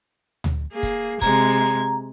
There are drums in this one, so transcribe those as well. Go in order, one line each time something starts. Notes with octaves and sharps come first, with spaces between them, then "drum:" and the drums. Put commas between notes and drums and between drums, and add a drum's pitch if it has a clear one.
drum: tom D2
A#3 G#4
drum: kick, hi-hat
C3 G#3 A#5 G#6, drum: kick, hi-hat